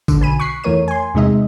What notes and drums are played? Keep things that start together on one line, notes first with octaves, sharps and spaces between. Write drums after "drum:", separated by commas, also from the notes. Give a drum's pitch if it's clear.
D3, drum: kick G#1, tambourine
B1 G#5 B5 D#7
C#6 F#6 B6 C7
F2 E3 A3 A#4 C#5 D#7
G#5 C6
E2 C3 G#3 D#4 D#5 E5